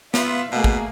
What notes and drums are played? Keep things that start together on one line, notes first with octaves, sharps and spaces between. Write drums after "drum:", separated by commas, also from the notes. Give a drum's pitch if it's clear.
B3 F4 E5, drum: snare
B2 A3 A#3 G#4
drum: kick